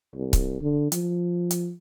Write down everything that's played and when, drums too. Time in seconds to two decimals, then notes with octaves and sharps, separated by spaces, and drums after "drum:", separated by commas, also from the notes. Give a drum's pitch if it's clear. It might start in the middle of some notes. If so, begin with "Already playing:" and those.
0.15 C2
0.33 drum: kick C#1, hi-hat
0.61 D3
0.92 F3, drum: hi-hat
1.51 drum: hi-hat